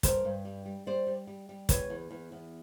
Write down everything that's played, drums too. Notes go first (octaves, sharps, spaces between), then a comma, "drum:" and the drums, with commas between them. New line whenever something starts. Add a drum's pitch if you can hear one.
G2 A#4 C5, drum: kick, hi-hat
G2
G3
G3
G3 C5 D5
G3
G3
G3
E2 B4 C#5, drum: kick, hi-hat
E2
E2
E2